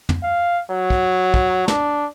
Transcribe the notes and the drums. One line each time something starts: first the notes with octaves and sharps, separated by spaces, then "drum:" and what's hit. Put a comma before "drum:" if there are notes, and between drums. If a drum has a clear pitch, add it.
drum: tom
F5
F#3
drum: kick
drum: kick
D4, drum: snare